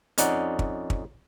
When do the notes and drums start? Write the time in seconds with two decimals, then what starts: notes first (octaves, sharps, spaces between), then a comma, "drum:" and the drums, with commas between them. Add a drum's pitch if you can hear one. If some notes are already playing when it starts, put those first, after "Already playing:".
0.18 F2 C#4 D#4 D5 F#5, drum: hi-hat
0.59 drum: kick
0.90 drum: kick